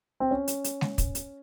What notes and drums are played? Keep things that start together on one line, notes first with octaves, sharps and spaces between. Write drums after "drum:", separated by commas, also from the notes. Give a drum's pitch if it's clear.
C4
C#4
drum: hi-hat
drum: hi-hat
drum: snare G#3
drum: kick, hi-hat
drum: hi-hat